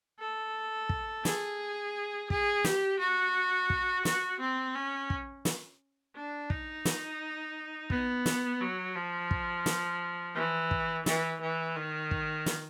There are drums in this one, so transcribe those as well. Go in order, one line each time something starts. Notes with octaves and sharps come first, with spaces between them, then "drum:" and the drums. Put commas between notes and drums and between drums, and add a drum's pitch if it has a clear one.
A4
drum: kick
G#4, drum: snare
G#4, drum: kick
G4, drum: snare
F#4
drum: kick
F#4, drum: snare
C4
C#4
drum: kick
drum: snare
D4
D#4, drum: kick
drum: snare
B3, drum: kick
drum: snare
F#3
F3
drum: kick
drum: snare
E3
drum: kick
E3, drum: snare
E3
D#3
drum: kick
drum: snare